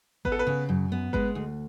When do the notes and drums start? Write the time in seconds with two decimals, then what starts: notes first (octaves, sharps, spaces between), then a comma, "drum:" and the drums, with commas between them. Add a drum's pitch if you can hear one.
0.25 B3 B4, drum: kick G#1
0.32 A4
0.39 B4
0.47 C#3
0.69 F#2
0.92 B3
1.13 G#3 B4, drum: kick G#1
1.35 D2